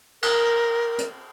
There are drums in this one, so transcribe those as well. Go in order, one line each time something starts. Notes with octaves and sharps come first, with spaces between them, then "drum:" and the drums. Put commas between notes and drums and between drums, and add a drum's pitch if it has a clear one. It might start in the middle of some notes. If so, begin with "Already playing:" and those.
A#4, drum: cymbal
drum: hi-hat